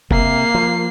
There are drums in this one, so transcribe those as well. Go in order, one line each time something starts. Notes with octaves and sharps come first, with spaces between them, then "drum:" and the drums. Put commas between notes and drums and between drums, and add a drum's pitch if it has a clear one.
C3 A#3 C7, drum: kick F1
F3